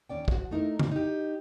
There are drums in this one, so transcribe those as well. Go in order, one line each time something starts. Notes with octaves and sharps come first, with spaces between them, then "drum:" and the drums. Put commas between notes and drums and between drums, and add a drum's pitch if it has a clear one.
D#2 C#4 D5 G5
F3 F#4, drum: kick
A3 D#4 E4 A#4
A#2 D#3 E3 C4, drum: tom C#3
D#4 G4